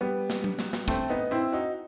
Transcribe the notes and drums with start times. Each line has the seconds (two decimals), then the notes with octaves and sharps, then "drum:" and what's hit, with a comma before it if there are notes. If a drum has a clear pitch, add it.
0.01 G3 B3
0.30 drum: snare
0.44 drum: tom F#3
0.59 drum: snare
0.73 drum: snare
0.88 A3 C4, drum: kick
1.09 B3 D#4
1.31 C4 E4
1.52 D#4 F#4